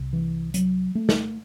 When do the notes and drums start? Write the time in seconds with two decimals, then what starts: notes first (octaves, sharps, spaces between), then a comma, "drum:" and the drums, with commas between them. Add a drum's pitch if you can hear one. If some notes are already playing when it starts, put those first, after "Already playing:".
Already playing: C2 C3
0.13 E3
0.54 F#3, drum: hi-hat
0.95 A3
1.09 drum: snare